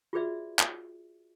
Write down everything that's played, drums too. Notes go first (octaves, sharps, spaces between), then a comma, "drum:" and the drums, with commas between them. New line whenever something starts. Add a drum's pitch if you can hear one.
F4 F#4 G#4 B4 D5 E5
drum: clap